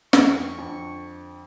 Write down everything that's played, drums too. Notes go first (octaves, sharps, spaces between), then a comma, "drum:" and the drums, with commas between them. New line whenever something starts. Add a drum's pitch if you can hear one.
F2 D3 F#5 C#6, drum: snare
F2 D3